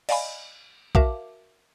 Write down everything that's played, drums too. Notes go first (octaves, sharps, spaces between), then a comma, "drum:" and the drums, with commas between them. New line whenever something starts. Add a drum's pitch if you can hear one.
D5 D#5 F5 G#5 B5, drum: cymbal
F#4 A#4 E5 F5 A5 D6, drum: kick